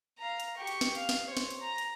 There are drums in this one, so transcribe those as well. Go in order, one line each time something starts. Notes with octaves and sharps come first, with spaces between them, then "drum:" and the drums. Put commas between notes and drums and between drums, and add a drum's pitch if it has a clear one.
F5 A#5
drum: hi-hat
G4 C#6
drum: hi-hat
drum: snare
F5, drum: hi-hat
drum: snare
C5 C#5
drum: snare
drum: hi-hat
A#5
drum: hi-hat